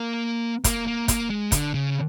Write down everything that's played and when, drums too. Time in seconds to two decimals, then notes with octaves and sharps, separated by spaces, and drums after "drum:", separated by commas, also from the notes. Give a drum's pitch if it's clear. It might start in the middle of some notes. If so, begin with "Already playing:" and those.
Already playing: A#3
0.64 A#3, drum: kick, hi-hat
0.87 A#3
1.08 A#3, drum: kick, hi-hat
1.30 G#3
1.52 D3, drum: kick, hi-hat
1.74 C#3